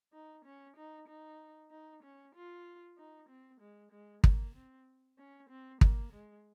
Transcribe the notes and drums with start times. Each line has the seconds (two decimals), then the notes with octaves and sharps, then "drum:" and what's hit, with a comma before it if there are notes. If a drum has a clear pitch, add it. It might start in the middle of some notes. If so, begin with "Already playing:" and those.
0.13 D#4
0.45 C#4
0.76 D#4
1.08 D#4
1.71 D#4
2.03 C#4
2.35 F4
2.98 D#4
3.29 C4
3.60 G#3
3.92 G#3
4.24 A#3, drum: kick
4.54 C4
5.18 C#4
5.50 C4
5.81 A#3, drum: kick
6.12 G#3